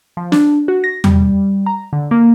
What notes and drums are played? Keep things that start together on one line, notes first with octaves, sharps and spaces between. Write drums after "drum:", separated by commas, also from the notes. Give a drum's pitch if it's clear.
F3
D4, drum: snare
F#4
A#6
G3, drum: tom E2
A#5
D3
A#3